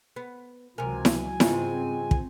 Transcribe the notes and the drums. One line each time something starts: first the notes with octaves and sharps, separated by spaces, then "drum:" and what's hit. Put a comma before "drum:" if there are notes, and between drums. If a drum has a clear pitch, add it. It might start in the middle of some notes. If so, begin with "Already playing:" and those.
B3
C#2 C3 E3 F#3 A#4 G#5
drum: snare E4
G#2 C#3 G3 G#3 C4 F4, drum: snare E4
drum: kick